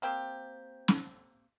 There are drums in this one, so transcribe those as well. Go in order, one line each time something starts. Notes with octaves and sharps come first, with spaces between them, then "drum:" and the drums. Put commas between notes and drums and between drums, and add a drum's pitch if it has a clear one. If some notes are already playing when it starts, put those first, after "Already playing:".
A#3 C4 G4
drum: snare